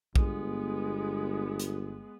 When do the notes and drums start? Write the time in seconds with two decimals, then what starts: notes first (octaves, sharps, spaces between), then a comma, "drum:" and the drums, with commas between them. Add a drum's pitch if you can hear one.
0.16 G1 G#3 B3, drum: kick
1.60 drum: hi-hat